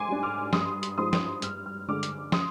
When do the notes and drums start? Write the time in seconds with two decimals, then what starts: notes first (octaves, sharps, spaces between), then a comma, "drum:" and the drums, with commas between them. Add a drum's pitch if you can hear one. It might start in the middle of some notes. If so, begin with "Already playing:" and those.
Already playing: G#2 G#5 C6 D6
0.08 G3 D4
0.23 D6 F6
0.53 G2 C6 D#6, drum: snare
0.83 drum: hi-hat
0.98 F3 G#3 D#4 C6 D#6
1.13 drum: snare
1.42 G2 F6, drum: hi-hat
1.66 F6
1.88 D3 G#3 D4 D6 F6
2.03 drum: hi-hat
2.32 C6 D#6, drum: snare